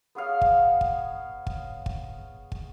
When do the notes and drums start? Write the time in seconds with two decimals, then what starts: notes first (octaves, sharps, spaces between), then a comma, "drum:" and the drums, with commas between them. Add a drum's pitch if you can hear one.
0.15 B3 G#4 C#5 F5
0.41 drum: kick
0.81 drum: kick
1.47 drum: kick
1.86 drum: kick
2.52 drum: kick